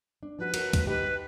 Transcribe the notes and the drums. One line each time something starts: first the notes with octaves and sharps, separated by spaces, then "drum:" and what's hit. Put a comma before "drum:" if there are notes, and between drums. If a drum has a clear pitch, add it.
D4
F3 F#4 B4
F#4 A#4, drum: cymbal
drum: kick, cymbal
D#4 G4 B4